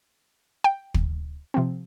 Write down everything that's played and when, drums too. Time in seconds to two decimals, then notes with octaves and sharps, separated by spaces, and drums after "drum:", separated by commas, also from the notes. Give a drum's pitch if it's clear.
0.64 G5
0.94 drum: kick
1.54 C3 F3 C4